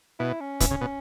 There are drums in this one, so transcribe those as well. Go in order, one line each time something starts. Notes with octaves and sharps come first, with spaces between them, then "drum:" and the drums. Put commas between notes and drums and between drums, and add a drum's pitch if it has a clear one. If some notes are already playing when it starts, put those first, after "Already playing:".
B2 E4
C#4
B2 E3, drum: kick, hi-hat
C#3
B2